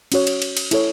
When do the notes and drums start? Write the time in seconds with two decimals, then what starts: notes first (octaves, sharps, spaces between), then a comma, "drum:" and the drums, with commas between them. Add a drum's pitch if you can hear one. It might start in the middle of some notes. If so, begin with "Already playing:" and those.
0.12 C#4 F#4 C#5, drum: cymbal
0.27 drum: cymbal
0.42 drum: cymbal
0.57 drum: cymbal
0.71 E4 A4 C#5, drum: cymbal